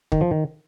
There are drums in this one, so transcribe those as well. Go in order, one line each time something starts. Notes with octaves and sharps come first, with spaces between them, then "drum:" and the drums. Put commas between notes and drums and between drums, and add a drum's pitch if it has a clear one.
D#3, drum: kick
F3
D#3